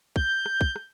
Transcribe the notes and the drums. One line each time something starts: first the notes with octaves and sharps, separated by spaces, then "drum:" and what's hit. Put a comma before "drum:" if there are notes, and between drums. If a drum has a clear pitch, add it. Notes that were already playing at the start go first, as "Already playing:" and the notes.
G6, drum: kick
drum: rim click
drum: kick
drum: rim click